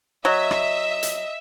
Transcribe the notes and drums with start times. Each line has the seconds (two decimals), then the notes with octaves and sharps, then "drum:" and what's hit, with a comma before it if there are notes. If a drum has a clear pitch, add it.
0.25 F#3 D#5 E5
0.51 drum: rim click
1.03 drum: hi-hat